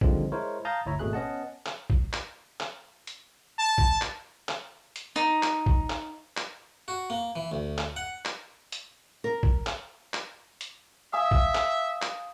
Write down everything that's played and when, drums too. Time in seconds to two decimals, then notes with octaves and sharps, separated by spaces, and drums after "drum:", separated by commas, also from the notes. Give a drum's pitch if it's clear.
0.01 D3 D#3 F3 G3 G#3 C4, drum: kick
0.32 G#3 E4 A#4 C5 C#5
0.65 F5 A5 A#5 D#6 G6 A6
0.86 G1 D2 E4 C#5 E5 A#5
0.99 G#1 B2 A3 G#4 F#6
1.13 B3 C#4 D#5 F#5 A5
1.66 drum: clap
1.90 drum: kick
2.13 drum: clap
2.60 drum: clap
3.07 drum: hi-hat
3.59 A5
3.78 drum: kick
4.02 drum: clap
4.49 drum: clap
4.96 drum: hi-hat
5.16 D#4
5.43 drum: clap
5.66 drum: kick
5.90 drum: clap
6.37 drum: clap
6.88 F#4
7.10 A#3
7.36 E3
7.51 D2
7.78 drum: clap
7.96 F#5
8.25 drum: clap
8.72 drum: hi-hat
9.24 A#4
9.43 drum: kick
9.67 drum: clap
10.14 drum: clap
10.61 drum: hi-hat
11.13 E5 F5 G#5 D#6
11.31 drum: kick
11.55 drum: clap
12.02 drum: clap